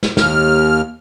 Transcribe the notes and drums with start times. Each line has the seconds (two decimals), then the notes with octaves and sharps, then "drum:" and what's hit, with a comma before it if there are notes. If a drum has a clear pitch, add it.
0.03 drum: snare
0.17 D#2 F6, drum: snare